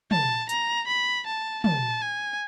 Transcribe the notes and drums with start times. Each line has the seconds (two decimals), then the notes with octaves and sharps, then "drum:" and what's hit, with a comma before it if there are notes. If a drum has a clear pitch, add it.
0.11 A5, drum: tom
0.49 A#5, drum: hi-hat
0.88 B5
1.26 A5
1.64 A5, drum: tom
2.02 G#5